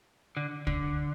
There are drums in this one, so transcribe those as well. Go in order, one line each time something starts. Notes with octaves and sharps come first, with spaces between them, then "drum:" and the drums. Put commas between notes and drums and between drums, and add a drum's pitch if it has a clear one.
D3
D3, drum: kick